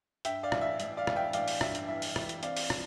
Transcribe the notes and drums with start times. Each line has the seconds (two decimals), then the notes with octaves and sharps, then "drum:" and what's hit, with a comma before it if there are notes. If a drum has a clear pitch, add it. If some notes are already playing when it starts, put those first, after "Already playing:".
0.25 G2 E5 G5, drum: hi-hat
0.43 D5 F5
0.52 A1, drum: rim click
0.61 E5
0.80 A1 E5, drum: hi-hat
0.97 D5 F5
1.07 A1, drum: rim click
1.16 E5 G5
1.33 A1 D5 F5, drum: hi-hat
1.48 drum: open hi-hat
1.61 G2 E5, drum: rim click
1.75 drum: hi-hat
1.88 E3 E5
2.02 drum: open hi-hat
2.16 E3, drum: rim click
2.29 drum: hi-hat
2.43 C4 D5 F5, drum: hi-hat
2.57 drum: open hi-hat
2.70 F3, drum: rim click